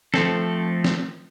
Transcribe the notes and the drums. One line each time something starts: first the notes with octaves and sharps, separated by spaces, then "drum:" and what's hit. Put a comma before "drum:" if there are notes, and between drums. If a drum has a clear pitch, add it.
F3 A3 C4 A4, drum: snare
drum: snare